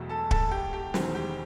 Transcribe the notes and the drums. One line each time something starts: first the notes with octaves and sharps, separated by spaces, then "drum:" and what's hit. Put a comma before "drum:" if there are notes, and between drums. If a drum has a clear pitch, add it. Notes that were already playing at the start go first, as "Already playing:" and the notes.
Already playing: E1 E2 B2 F#3 A3
A4 A5
A4 A5, drum: kick
G4 G5
G4 G5
E1 E2 D#3 F#3 C4, drum: snare
G4 G5